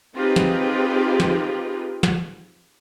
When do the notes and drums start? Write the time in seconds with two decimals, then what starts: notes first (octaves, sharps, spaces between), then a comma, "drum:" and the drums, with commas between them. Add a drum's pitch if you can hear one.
0.15 C4 D#4 F4 G4 G#4 B4
0.36 drum: snare
1.20 drum: snare
2.03 drum: snare